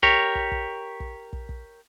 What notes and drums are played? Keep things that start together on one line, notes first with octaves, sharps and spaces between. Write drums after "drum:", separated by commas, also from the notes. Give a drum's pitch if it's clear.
G4 A#4 C#5, drum: kick
drum: kick
drum: kick
drum: kick
drum: kick
drum: kick